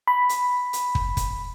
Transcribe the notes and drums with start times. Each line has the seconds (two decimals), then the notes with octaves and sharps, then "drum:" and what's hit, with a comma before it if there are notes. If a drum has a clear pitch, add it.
0.07 B5
0.29 drum: hi-hat
0.73 drum: hi-hat
0.95 drum: kick
1.17 drum: kick, hi-hat